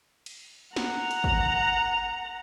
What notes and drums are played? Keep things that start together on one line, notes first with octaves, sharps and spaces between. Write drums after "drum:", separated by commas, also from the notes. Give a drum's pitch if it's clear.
drum: cymbal
F#5 A#5, drum: snare
drum: hi-hat
drum: kick